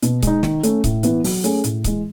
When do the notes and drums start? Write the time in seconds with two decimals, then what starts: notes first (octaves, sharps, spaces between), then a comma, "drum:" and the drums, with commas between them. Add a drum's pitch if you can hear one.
0.03 B2, drum: hi-hat
0.22 G#3 D#4, drum: kick C#1, hi-hat
0.43 D#3, drum: snare
0.63 A3 C#4, drum: hi-hat
0.84 A2, drum: kick C#1, hi-hat
1.03 E3 B3, drum: hi-hat
1.24 F#3, drum: open hi-hat
1.44 A3 C#4 G#4, drum: hi-hat
1.64 A2, drum: hi-hat
1.84 E3 G#3, drum: kick C#1, hi-hat